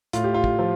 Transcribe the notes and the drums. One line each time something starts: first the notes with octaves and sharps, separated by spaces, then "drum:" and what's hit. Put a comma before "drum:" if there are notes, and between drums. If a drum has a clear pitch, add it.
A2 F4, drum: hi-hat
G4
F4
drum: kick
F3